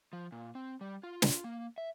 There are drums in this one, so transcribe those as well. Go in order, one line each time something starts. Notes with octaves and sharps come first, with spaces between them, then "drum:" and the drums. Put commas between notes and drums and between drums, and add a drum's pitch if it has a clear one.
F3
A#2
C4
G3
F4
drum: snare
A#3
E5